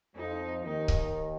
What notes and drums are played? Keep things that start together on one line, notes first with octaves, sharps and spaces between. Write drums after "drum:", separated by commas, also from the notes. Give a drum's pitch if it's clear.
F2 F3 D#4
D#2 D#3 D#4
drum: kick C#1